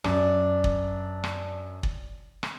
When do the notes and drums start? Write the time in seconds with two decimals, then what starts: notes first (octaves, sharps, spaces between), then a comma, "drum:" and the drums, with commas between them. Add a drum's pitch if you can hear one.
0.04 F#2 D4, drum: rim click
0.64 drum: kick
1.24 drum: rim click
1.83 drum: kick
2.43 drum: rim click